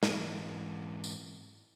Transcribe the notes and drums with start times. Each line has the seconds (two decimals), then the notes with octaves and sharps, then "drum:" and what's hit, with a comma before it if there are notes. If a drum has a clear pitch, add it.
0.03 G#2 E3, drum: snare
1.04 drum: tambourine